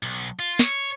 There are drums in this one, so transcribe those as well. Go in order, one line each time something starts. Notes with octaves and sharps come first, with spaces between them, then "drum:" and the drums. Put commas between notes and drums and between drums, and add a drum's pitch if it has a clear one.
B1, drum: hi-hat
F4
C#5, drum: snare